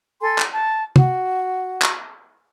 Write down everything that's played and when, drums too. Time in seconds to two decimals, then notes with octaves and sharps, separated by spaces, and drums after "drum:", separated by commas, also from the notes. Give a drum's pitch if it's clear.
0.21 A4 G#5 C6
0.38 drum: clap
0.51 A5
0.96 F#4, drum: tom
1.82 drum: clap